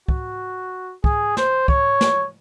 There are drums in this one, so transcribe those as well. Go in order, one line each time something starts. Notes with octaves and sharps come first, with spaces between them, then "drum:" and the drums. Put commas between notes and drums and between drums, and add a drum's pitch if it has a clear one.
F#4, drum: kick
G#4, drum: kick
C5, drum: snare
C#5, drum: kick
drum: snare